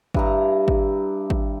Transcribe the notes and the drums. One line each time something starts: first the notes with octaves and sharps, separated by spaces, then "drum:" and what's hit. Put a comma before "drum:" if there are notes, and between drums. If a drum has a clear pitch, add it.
G2 E4 A#5, drum: kick G#1
drum: kick G#1
drum: kick G#1